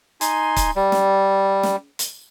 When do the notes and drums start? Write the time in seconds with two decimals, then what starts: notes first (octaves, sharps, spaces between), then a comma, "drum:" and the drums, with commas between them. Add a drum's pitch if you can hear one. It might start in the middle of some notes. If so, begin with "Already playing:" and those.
0.21 D#4 G#5 C6, drum: hi-hat
0.56 drum: kick C#1, hi-hat
0.76 G3
0.92 drum: snare
1.63 drum: snare
1.99 drum: hi-hat